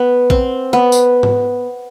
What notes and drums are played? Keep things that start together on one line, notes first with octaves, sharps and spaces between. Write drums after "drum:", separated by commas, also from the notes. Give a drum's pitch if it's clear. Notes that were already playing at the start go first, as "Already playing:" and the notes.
Already playing: B3
C4, drum: kick A#1
B3
drum: tambourine
drum: tom